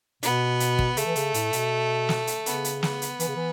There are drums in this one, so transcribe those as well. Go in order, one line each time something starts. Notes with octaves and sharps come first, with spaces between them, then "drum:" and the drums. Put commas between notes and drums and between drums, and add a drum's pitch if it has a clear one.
B2 B3, drum: hi-hat
drum: hi-hat
drum: kick
C#3 A3, drum: hi-hat
E3
C#3, drum: hi-hat
A2, drum: hi-hat
B2, drum: hi-hat
drum: snare
drum: hi-hat
C#3 B3, drum: hi-hat
drum: hi-hat
B3, drum: snare
drum: hi-hat
E3, drum: hi-hat
C#3
E3